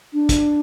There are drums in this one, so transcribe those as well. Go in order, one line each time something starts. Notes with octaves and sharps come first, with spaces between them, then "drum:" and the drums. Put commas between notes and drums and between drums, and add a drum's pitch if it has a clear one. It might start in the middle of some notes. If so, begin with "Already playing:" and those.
D4
drum: kick, hi-hat